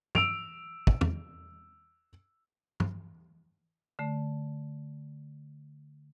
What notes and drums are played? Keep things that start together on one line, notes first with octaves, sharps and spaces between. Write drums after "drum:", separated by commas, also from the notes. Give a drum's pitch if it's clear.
E6 D7 F7, drum: tom
drum: kick
drum: tom E2
drum: tom
D3 A3